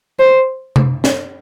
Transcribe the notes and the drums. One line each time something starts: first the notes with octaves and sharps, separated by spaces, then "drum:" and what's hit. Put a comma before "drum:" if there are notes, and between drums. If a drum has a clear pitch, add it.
C5
drum: tom C3
drum: snare